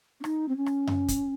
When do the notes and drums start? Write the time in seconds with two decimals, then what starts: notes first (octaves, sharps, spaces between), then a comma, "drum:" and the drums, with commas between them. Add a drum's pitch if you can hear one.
0.20 C#4
0.24 D#4, drum: rim click
0.48 C4
0.56 C#4
0.66 drum: rim click
0.87 drum: tom F#2
1.08 drum: kick, hi-hat